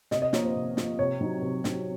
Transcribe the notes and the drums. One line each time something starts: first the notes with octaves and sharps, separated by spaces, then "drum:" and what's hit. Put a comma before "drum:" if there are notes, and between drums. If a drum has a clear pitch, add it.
C3 D#5, drum: snare
D#5
F3 A#3 C#5, drum: snare
C5
C3
F3 A#3, drum: snare
C3 C#5
F#3 C4 D#4
C3
F#3 C4 D#4, drum: snare